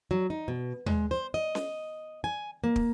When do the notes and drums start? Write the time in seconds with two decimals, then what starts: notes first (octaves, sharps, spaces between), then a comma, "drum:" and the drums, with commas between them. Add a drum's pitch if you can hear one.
0.11 F#3
0.30 D#4
0.48 B2
0.86 G#3, drum: tom D#2
1.11 C5
1.34 D#5
1.55 drum: snare C#4
2.24 G#5
2.64 A#3
2.76 drum: kick